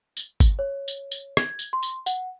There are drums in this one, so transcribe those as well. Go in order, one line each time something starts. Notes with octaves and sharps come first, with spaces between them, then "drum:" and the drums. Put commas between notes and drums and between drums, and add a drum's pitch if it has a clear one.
drum: tambourine
drum: kick G1, tambourine
C#5
drum: tambourine
drum: tambourine
G#6, drum: rim click
drum: tambourine
C6
drum: tambourine
F#5, drum: tambourine